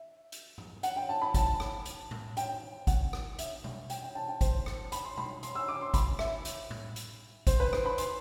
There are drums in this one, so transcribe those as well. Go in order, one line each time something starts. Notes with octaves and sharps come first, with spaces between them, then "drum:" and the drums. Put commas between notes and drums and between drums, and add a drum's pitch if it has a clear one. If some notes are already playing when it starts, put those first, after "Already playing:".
Already playing: E5
drum: hi-hat
drum: tom G#2
F#5, drum: hi-hat
G5
A5
B5
A5, drum: kick, hi-hat
drum: rim click
drum: hi-hat
drum: tom A2
G5, drum: hi-hat
F#5, drum: kick, hi-hat
drum: rim click
E5, drum: hi-hat
drum: tom B2
G5, drum: hi-hat
G5
A5
G5
C5, drum: kick, hi-hat
drum: rim click
B5, drum: hi-hat
C6
B5, drum: tom B2
C6, drum: hi-hat
E6
D6
C6
B5, drum: kick, hi-hat
E5, drum: rim click
drum: hi-hat
drum: tom A2
drum: hi-hat
C5, drum: kick, hi-hat
B4
C5, drum: rim click
B5
C6, drum: hi-hat